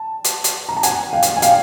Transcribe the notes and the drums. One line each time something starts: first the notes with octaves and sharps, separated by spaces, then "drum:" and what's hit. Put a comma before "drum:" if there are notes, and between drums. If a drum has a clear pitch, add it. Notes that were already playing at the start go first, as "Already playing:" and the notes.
Already playing: A5
drum: hi-hat
drum: hi-hat
A#5
A5
F#5 G#5, drum: hi-hat
F5 G5
drum: hi-hat
G#5
F5 G5, drum: hi-hat